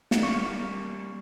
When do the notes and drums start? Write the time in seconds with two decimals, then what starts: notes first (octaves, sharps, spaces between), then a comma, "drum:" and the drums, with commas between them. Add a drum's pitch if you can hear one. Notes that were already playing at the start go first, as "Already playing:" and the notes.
0.11 drum: snare
0.23 G3 A#3 C#6